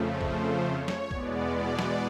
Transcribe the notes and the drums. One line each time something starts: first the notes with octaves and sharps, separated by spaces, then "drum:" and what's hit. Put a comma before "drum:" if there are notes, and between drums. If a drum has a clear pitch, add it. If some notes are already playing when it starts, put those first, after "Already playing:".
Already playing: F2 C#3 F3 A3
C5, drum: kick
C#5
drum: snare
E2 B2 G#3 B3 D5, drum: kick
D5
drum: snare